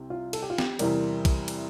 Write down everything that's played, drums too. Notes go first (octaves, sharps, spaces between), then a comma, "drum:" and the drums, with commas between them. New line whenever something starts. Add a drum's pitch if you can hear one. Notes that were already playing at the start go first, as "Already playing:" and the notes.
Already playing: C2 C3
F4
A4, drum: cymbal
G4
F4
G4, drum: snare
E2 C3 E3 G3 A#4, drum: cymbal
drum: kick, cymbal
drum: cymbal